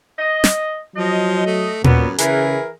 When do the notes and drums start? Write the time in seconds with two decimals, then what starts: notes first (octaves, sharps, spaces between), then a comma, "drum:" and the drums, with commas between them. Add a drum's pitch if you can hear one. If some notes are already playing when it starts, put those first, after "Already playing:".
0.19 D#5
0.44 drum: snare
0.96 F3 F#3 D#5
1.46 A3
1.84 F#2 A#2 F#3 G3 B3, drum: tom
2.18 C#3 E3 G#4 A#4, drum: hi-hat